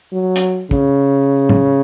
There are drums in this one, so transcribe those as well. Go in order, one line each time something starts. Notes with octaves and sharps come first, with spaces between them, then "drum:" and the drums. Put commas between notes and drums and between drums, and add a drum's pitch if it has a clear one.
F#3
drum: hi-hat
C#3, drum: kick
drum: tom